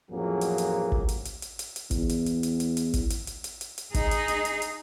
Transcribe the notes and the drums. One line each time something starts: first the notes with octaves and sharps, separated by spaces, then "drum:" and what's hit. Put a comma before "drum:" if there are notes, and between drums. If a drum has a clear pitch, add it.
A1 F2 F3 F#3 A#3 G#4
drum: hi-hat
drum: hi-hat
drum: kick
drum: hi-hat
drum: hi-hat
drum: hi-hat
drum: hi-hat
drum: hi-hat
E2, drum: kick, hi-hat
drum: hi-hat
drum: hi-hat
drum: hi-hat
drum: hi-hat
drum: hi-hat
drum: kick, hi-hat
drum: hi-hat
drum: hi-hat
drum: hi-hat
drum: hi-hat
drum: hi-hat
D#4 G#4, drum: kick, hi-hat
drum: hi-hat
drum: hi-hat
drum: hi-hat
drum: hi-hat